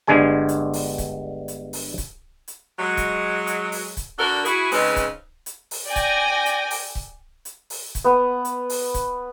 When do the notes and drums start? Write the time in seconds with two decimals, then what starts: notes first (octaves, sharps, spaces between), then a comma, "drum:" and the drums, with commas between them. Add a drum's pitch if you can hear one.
0.07 G1 G2 D3 G#3 G#5
0.49 drum: hi-hat
0.73 drum: open hi-hat
0.98 drum: kick, hi-hat
1.48 drum: hi-hat
1.73 drum: open hi-hat
1.98 drum: kick, hi-hat
2.48 drum: hi-hat
2.79 F#3 G#3
2.97 drum: kick, hi-hat
3.47 drum: hi-hat
3.72 drum: open hi-hat
3.97 drum: kick, hi-hat
4.19 D3 D4 F#4 A4 A#4
4.45 E4 F#4 G#4, drum: hi-hat
4.71 C#3 G#3 C4 C#4 D#4 B4, drum: open hi-hat
4.96 drum: kick, hi-hat
5.46 drum: hi-hat
5.71 drum: open hi-hat
5.87 D5 G5 G#5 A#6
5.96 drum: kick, hi-hat
6.46 drum: hi-hat
6.70 drum: open hi-hat
6.95 drum: kick
7.45 drum: hi-hat
7.70 drum: open hi-hat
7.95 drum: kick, hi-hat
8.05 B3
8.45 drum: hi-hat
8.70 drum: open hi-hat
8.94 drum: kick, hi-hat